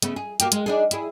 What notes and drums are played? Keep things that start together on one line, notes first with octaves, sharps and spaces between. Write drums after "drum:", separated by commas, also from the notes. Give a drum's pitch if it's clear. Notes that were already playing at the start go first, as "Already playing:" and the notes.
C#3 A3 B3, drum: hi-hat
G#4
A#3 F#4 G4, drum: hi-hat
G#3, drum: hi-hat
D4 D#4 G#4
E4 G#4, drum: hi-hat